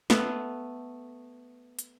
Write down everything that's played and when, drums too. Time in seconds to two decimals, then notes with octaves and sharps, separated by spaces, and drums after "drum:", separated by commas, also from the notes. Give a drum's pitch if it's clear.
0.10 A3 B3 B4, drum: snare
1.79 drum: hi-hat